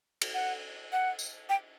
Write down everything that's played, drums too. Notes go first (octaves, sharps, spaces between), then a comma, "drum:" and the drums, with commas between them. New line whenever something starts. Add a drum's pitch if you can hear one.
drum: cymbal
F#5
F#5
drum: tambourine
G5